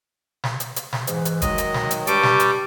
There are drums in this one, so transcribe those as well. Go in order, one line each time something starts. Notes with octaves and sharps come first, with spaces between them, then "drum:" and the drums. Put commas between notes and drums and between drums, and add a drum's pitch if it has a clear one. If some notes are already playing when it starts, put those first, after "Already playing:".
drum: snare
drum: hi-hat
drum: hi-hat
drum: snare
G#2 E3, drum: hi-hat
drum: hi-hat
D#3 F#3 G#3 D#5, drum: kick, hi-hat
drum: hi-hat
drum: snare
drum: hi-hat
G2 G3 A5 C#6 D6, drum: hi-hat
drum: snare
drum: hi-hat